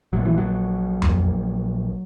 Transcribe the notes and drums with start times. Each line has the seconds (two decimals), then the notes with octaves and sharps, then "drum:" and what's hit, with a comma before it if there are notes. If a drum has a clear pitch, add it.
0.13 A#1 A#2 F#3
0.25 E3
0.38 F#3
1.02 A#1 A#2, drum: tom F2